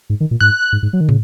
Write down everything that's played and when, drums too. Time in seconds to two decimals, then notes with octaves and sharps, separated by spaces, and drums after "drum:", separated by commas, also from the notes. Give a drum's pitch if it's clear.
0.10 G#2
0.20 D#3
0.31 A#2
0.40 G#2 F#6
0.73 G#2
0.83 G#2
0.93 F#3
1.01 D#3
1.09 C#3, drum: tom